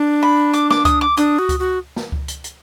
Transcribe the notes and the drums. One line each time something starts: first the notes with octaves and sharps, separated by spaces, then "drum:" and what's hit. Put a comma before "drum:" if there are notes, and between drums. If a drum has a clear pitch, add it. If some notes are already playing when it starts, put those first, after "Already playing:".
Already playing: D4
B5
D6, drum: hi-hat
D6, drum: snare
D#6, drum: kick C#2, hi-hat
D6
D4 D#6, drum: hi-hat
F#4
drum: kick C#2, hi-hat
F#4
drum: snare
drum: kick C#2
drum: hi-hat
drum: hi-hat